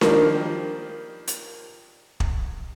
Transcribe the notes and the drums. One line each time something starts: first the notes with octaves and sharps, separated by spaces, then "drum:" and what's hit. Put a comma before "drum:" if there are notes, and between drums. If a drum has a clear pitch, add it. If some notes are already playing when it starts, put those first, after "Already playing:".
D#3 F3 G3 A#3, drum: snare D4
drum: hi-hat
drum: kick